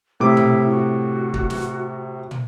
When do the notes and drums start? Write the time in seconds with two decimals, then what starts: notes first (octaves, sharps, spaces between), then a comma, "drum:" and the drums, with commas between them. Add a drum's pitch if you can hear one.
0.20 A2 C3 E4 D6
0.37 drum: tom
0.69 F#4
1.34 drum: kick
1.50 drum: snare
2.31 drum: tom